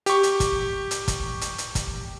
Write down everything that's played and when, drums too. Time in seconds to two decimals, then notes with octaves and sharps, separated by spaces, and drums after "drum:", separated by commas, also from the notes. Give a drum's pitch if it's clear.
0.06 G4 C#6, drum: hi-hat
0.23 drum: hi-hat
0.40 drum: kick, hi-hat
0.91 drum: hi-hat
1.08 drum: kick, hi-hat
1.41 drum: hi-hat
1.58 drum: hi-hat
1.75 drum: kick, hi-hat